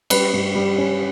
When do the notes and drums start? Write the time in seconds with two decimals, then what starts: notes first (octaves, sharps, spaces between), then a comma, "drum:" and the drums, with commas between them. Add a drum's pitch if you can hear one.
0.10 G3 B4, drum: cymbal
0.33 G2
0.55 G3
0.78 C#4